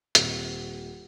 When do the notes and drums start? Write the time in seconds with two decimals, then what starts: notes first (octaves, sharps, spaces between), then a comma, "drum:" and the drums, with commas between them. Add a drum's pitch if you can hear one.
0.15 D#1 C4, drum: hi-hat